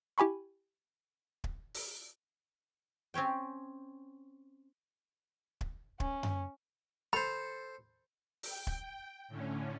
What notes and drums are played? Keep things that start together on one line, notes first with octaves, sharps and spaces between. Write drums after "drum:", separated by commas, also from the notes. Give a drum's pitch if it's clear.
E4 G4 G#5 B5 C#6
drum: kick
drum: open hi-hat
C4 C#4 C#5 G5
drum: kick
C#4, drum: kick
drum: tom F#2
A4 C5 B5
G5, drum: open hi-hat
drum: kick
A2 D3 C#4